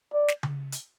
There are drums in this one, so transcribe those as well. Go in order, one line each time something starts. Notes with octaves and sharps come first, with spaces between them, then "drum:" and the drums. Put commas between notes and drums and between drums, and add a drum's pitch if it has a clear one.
D5
drum: snare
drum: tom C#3
drum: hi-hat